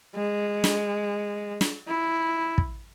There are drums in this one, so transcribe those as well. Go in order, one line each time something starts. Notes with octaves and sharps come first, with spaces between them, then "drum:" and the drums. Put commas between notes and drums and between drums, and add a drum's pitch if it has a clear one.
G#3
drum: snare
drum: snare
E4
drum: kick